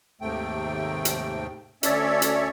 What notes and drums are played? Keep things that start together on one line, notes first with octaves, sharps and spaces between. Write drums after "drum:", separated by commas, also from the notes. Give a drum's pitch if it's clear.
D#2 G#2 C3 A3 G5
drum: hi-hat
D2 C#4 A4 C#5 D5 E5, drum: hi-hat
drum: hi-hat